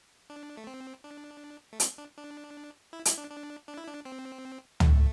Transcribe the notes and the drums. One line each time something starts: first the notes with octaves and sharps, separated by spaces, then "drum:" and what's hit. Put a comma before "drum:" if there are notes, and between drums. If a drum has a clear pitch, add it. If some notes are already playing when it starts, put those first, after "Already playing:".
D4
A3
C4
D4
A3
C4, drum: hi-hat
D4
D4
E4
E4, drum: hi-hat
D4
D4
D4
E4
D4
C4
A3, drum: tom